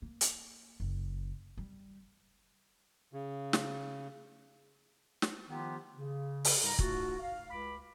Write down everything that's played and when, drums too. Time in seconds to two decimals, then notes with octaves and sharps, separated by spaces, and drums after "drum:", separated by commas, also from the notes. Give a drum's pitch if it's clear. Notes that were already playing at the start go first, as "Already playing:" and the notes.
0.02 A#3
0.21 drum: hi-hat
0.80 F#1
1.57 G3
3.13 C#3
3.53 drum: snare
5.22 drum: snare
5.48 D#3 F3 B3 F4 G4
5.95 C#3
6.45 drum: open hi-hat
6.61 G#2 G3 A#4 A#5
6.79 G#2 A3 F4 F#4, drum: kick
7.19 F5
7.50 C#2 B5 D6